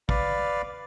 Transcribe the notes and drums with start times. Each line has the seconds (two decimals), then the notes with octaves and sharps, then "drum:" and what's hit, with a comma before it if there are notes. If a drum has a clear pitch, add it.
0.09 B4 D5 F5, drum: kick